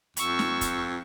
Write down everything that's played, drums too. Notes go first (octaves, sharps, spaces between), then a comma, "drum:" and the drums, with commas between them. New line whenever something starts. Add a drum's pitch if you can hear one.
F2 C#6 E6, drum: hi-hat
drum: snare
drum: kick, hi-hat